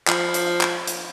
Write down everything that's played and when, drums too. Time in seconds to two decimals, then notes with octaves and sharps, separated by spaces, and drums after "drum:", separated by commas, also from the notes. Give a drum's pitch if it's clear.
0.08 F3, drum: clap
0.34 drum: hi-hat
0.61 drum: clap
0.87 drum: hi-hat